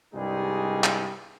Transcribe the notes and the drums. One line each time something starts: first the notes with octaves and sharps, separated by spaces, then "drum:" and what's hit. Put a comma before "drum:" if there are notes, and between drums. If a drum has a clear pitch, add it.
C2 G2 G3 G#3 D#4 G#4
drum: clap